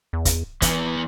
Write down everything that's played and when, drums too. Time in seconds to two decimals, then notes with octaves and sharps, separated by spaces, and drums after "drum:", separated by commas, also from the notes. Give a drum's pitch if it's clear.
0.13 E2
0.25 drum: kick, hi-hat
0.62 E2 E3 B3, drum: kick, hi-hat